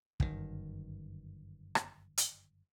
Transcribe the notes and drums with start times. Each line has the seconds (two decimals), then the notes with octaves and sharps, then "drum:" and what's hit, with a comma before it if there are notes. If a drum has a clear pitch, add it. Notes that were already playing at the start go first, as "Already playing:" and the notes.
0.20 G1 F#2 A#2 D#3, drum: kick
1.75 drum: rim click
2.18 drum: hi-hat